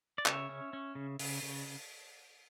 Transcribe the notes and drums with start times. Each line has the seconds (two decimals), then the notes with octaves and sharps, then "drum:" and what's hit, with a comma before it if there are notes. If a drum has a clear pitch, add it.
0.18 D5
0.26 C#3 C#5 E5, drum: clap
0.49 C#4
0.73 C#4
0.95 C#3
1.19 C#3, drum: open hi-hat
1.42 C#3